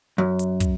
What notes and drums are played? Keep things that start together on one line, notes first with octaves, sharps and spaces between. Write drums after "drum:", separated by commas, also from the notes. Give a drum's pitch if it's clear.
F#2
drum: hi-hat
drum: kick, hi-hat